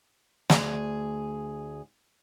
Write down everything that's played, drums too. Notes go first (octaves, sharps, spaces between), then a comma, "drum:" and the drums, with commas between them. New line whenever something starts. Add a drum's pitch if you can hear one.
D2 G#4, drum: snare